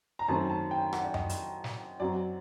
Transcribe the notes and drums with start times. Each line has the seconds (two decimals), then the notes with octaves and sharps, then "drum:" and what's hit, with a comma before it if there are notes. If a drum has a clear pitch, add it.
0.19 A#5
0.28 F#2 D#3 A3 C4 A5
0.50 A5
0.71 G5
0.93 F#5, drum: rim click
1.05 D5
1.14 D#5, drum: tom F#2
1.29 drum: hi-hat
1.64 drum: snare
2.00 F#2 F#3 C4 D5